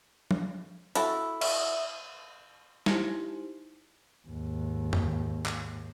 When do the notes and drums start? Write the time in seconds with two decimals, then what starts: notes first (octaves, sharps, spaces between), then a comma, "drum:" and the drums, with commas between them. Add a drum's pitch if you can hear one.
0.31 drum: tom F3
0.95 E4 F#4 A4, drum: hi-hat
1.41 E5, drum: cymbal
2.86 D#4 E4 G4 C5, drum: snare
4.27 D#2 G#2
4.93 drum: tom F2
5.46 drum: clap